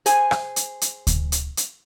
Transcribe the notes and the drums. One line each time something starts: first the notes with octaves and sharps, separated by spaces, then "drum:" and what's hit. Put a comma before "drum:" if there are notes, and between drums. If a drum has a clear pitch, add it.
G#4 C5 G#5, drum: hi-hat
drum: rim click
drum: hi-hat
drum: hi-hat
drum: kick D2, hi-hat
drum: hi-hat
drum: hi-hat